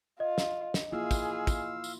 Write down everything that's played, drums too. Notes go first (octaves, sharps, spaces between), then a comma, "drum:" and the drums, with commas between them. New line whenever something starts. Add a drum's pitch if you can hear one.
F4 D#5
drum: snare
drum: snare
A#3 E4 F4 G#4 F5 E6
drum: kick, tambourine
drum: kick, tambourine
drum: tambourine